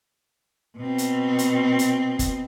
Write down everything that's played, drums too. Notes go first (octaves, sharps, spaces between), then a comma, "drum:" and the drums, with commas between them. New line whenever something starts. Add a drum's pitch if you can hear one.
B2 C4
drum: hi-hat
drum: hi-hat
drum: hi-hat
drum: kick F#1, hi-hat